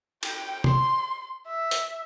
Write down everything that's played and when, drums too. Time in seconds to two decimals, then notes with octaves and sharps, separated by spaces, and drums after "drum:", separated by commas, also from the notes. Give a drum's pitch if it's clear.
0.23 G5, drum: cymbal
0.64 C6, drum: tom
1.48 E5
1.71 drum: hi-hat